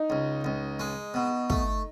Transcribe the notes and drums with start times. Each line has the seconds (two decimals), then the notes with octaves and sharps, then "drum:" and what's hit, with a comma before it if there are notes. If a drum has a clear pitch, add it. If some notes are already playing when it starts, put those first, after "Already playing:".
Already playing: D#4
0.10 C#2
0.44 C#2
0.80 G#3
1.14 B2
1.50 A3, drum: kick